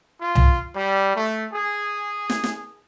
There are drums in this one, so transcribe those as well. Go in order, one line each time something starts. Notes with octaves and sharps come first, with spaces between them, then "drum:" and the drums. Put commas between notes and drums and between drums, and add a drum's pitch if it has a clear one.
F4
drum: tom C2
G3
A3
G#4
drum: snare
drum: snare